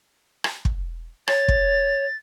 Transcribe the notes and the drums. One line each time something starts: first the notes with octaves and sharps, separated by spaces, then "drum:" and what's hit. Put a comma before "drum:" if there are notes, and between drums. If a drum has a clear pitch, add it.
drum: rim click
drum: kick
C#5 A6, drum: rim click
drum: kick